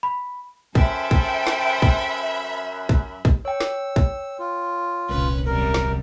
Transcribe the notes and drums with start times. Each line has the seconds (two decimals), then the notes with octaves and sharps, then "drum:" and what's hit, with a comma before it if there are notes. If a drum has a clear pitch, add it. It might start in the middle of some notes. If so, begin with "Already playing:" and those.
0.03 B5
0.75 F#2 A4 C5 E5 G5 B5, drum: kick
1.11 drum: kick
1.47 drum: snare
1.82 drum: kick
2.89 drum: kick
3.25 drum: kick
3.45 C#5 G5 E6
3.61 drum: snare
3.96 drum: kick
4.39 F4
5.09 D#1 C2 C#4 B4
5.46 F#2 C3 G3 A#4
5.74 drum: snare